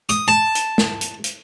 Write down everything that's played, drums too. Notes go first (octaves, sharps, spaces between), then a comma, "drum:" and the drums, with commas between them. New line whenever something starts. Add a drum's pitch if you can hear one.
D#6, drum: hi-hat
A5
drum: hi-hat
drum: snare
drum: hi-hat
drum: hi-hat